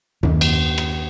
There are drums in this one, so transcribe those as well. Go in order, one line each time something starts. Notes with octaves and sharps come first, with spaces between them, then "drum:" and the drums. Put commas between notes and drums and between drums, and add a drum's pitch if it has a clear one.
D#2, drum: tom F#2
drum: cymbal
drum: rim click